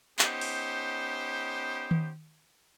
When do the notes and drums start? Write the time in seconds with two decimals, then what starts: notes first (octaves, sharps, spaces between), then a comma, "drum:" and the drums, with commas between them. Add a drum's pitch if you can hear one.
0.19 B3 C#4 D#4 G4 C5, drum: clap
0.41 drum: open hi-hat
1.91 drum: tom D#3